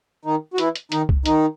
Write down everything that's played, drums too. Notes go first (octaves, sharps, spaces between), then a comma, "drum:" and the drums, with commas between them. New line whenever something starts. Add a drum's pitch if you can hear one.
D#3 D#4
F#4
E3 E4, drum: hi-hat
drum: hi-hat
D#3 D#4, drum: hi-hat
drum: kick C2
D#3 D#4, drum: hi-hat